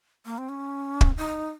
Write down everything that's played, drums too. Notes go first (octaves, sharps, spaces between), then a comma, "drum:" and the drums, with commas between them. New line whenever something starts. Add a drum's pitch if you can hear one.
A#3
C4
C#4
drum: kick
D#4